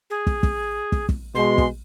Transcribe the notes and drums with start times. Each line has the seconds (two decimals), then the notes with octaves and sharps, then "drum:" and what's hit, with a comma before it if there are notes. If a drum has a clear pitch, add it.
0.10 G#4
0.27 drum: kick
0.43 drum: kick
0.92 drum: kick
1.09 drum: kick
1.35 B2 G#3 C6
1.58 drum: kick